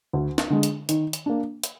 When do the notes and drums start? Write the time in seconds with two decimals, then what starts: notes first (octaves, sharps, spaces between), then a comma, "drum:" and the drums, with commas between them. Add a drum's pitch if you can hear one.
0.13 D2
0.38 drum: snare
0.50 D3 G#3
0.63 drum: hi-hat
0.89 D#3, drum: hi-hat
1.13 drum: hi-hat
1.26 A#3 D4
1.64 drum: hi-hat